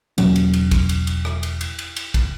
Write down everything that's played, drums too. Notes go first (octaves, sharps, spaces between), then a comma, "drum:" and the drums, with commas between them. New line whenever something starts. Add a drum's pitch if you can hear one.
E1 A#2 F#3 C#4, drum: cymbal
drum: cymbal
drum: cymbal
drum: kick, cymbal
drum: cymbal
drum: cymbal
drum: rim click
drum: cymbal
drum: cymbal
drum: cymbal
drum: cymbal
drum: kick, cymbal